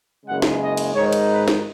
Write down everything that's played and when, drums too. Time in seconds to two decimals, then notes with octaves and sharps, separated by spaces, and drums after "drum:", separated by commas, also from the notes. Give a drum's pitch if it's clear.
0.25 F#1 F#2 C#3 G#3 F#5
0.42 drum: snare
0.60 D#5
0.77 drum: cymbal
0.94 G#2 D#3 G#3 D#4 C#5
1.13 drum: cymbal
1.30 B4
1.48 drum: snare